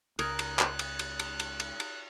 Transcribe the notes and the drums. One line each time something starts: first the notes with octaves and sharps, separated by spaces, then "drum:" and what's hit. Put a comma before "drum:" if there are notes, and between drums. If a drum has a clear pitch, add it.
C#2 A#4 D#6 F#6 G#6, drum: cymbal
drum: cymbal
drum: clap
drum: cymbal
drum: cymbal
drum: cymbal
drum: cymbal
drum: cymbal
drum: cymbal